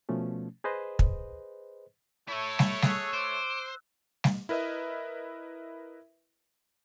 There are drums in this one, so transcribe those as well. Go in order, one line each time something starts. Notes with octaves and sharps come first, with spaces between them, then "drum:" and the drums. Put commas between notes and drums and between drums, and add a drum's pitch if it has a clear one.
B2 F3 A3 C#4
G#4 B4 C5 D#5
drum: kick
A3 E4 A4 C#5
drum: snare G3
G#4 E6 F#6, drum: snare G3
C5 D6
drum: snare G3
E4 A#4 B4 D#5 E5